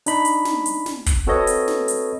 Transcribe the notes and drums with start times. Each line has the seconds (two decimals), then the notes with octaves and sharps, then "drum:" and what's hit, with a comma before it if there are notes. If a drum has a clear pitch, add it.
0.06 D4 D#4 B5, drum: hi-hat
0.25 drum: hi-hat
0.45 drum: snare
0.66 drum: hi-hat
0.86 drum: snare
1.06 drum: kick, hi-hat
1.27 C4 F#4 A4 B4 C#5 D#5
1.47 drum: hi-hat
1.68 drum: snare
1.88 drum: hi-hat